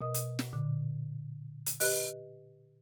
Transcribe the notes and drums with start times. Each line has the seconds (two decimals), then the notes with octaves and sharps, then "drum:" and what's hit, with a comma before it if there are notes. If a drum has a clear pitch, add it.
0.01 B2 A#4 D#5 D#6
0.14 drum: hi-hat
0.39 drum: snare
0.53 A#2 D3
1.66 drum: hi-hat
1.80 G4 B4 D#5 F#6, drum: open hi-hat